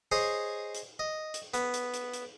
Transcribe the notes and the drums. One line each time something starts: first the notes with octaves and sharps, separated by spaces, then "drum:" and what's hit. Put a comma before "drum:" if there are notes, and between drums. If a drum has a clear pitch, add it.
G#4 C5 C#5 D#5
drum: hi-hat
D#5
drum: hi-hat
B3, drum: hi-hat
drum: hi-hat
drum: hi-hat
drum: hi-hat